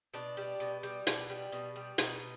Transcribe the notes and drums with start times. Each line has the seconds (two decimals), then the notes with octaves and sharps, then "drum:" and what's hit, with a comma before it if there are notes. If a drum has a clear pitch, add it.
0.14 B2 D4
0.37 G3
0.60 B2
0.83 G3
1.07 B2, drum: hi-hat
1.30 G3
1.52 B2
1.76 G3
1.98 B2 D#4, drum: hi-hat